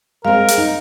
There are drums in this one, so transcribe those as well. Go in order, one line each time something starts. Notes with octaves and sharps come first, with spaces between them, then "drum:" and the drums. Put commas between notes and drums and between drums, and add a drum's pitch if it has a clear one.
G#3 C4 A#4 F5
drum: hi-hat
D#4